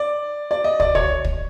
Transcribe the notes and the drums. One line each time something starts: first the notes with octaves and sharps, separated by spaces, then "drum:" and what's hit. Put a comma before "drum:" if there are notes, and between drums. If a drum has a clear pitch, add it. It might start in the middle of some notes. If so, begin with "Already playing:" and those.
Already playing: D5
D5
D#5
D5, drum: kick
C#5, drum: kick
drum: kick